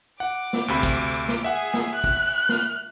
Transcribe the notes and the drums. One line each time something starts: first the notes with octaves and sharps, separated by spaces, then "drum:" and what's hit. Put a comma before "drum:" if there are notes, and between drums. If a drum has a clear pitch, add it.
F#5 D6
drum: snare
D2 C3 B5
drum: kick
drum: snare
G#4 E5 F#5
drum: snare
F#6
drum: kick
drum: snare